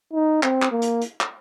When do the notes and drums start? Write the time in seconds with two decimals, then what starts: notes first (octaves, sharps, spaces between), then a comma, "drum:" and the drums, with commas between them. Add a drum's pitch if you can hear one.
0.14 D#4
0.43 C4, drum: clap
0.62 drum: clap
0.72 A#3
0.82 drum: hi-hat
1.01 drum: hi-hat
1.21 drum: clap